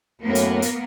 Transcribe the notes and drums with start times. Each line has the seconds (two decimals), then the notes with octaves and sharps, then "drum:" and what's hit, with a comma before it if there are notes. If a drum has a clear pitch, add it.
0.21 F#2 A2 A#3 B3 A#4
0.35 drum: hi-hat
0.62 drum: hi-hat